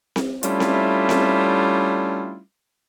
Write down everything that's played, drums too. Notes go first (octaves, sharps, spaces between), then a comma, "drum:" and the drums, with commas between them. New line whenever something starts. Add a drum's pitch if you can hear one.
drum: snare C4
G3 A3 C#4 D4 E4 F4, drum: hi-hat
drum: snare C4
drum: snare C4